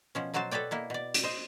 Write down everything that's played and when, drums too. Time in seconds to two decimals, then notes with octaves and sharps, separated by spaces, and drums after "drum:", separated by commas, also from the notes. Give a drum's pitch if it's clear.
0.15 B2 F3 C#4
0.34 B2 F#3 F#4 C5 A5
0.51 A4 B4 C#5 D5 G5
0.71 B2 A#3 E4
0.90 B2 D5
1.14 drum: hi-hat
1.23 C5 D#5